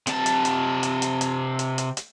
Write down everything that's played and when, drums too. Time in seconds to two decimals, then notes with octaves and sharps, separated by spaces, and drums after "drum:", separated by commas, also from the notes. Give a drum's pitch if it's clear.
0.07 C3 A5, drum: hi-hat
0.26 drum: hi-hat
0.45 drum: hi-hat
0.83 drum: hi-hat
1.02 drum: hi-hat
1.21 drum: hi-hat
1.59 drum: hi-hat
1.78 drum: hi-hat
1.97 drum: hi-hat